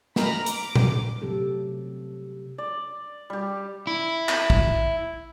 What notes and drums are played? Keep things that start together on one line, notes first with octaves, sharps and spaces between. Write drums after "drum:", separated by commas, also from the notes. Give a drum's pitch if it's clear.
A#5 B5 F6 A#6, drum: snare
D6, drum: hi-hat
drum: tom A#2
C3 F#3 A3 C4 G4 A4
D5
G3 G4
E4
drum: clap
drum: kick